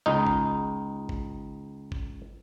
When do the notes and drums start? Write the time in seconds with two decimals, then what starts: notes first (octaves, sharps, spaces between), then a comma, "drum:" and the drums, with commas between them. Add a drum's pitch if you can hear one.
0.06 C#2 D#4
0.27 drum: kick G#1
1.09 drum: kick G#1
1.92 drum: kick G#1